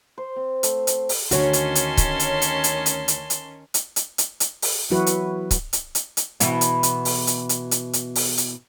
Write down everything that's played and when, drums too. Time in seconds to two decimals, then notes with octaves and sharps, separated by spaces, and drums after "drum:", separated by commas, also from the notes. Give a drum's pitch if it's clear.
0.18 C5
0.36 C4
0.63 A3, drum: hi-hat
0.87 drum: hi-hat
1.09 drum: open hi-hat
1.31 D2 D#3 C#4 F#4 C#5 A5 C6, drum: hi-hat
1.53 drum: hi-hat
1.75 drum: hi-hat
1.97 drum: kick C#1, hi-hat
2.20 drum: hi-hat
2.42 drum: hi-hat
2.64 drum: hi-hat
2.86 drum: hi-hat
3.08 drum: hi-hat
3.30 drum: hi-hat
3.74 drum: hi-hat
3.96 drum: hi-hat
4.18 drum: hi-hat
4.40 drum: hi-hat
4.62 drum: open hi-hat
4.90 E3 F#3 E4 F#4 B4
5.06 drum: hi-hat
5.51 drum: kick C#1, hi-hat
5.73 drum: hi-hat
5.95 drum: hi-hat
6.17 drum: hi-hat
6.40 B2 E3 B3, drum: hi-hat
6.61 drum: hi-hat
6.83 drum: hi-hat
7.05 drum: open hi-hat
7.27 drum: hi-hat
7.49 drum: hi-hat
7.71 drum: hi-hat
7.93 drum: hi-hat
8.15 drum: open hi-hat
8.38 drum: hi-hat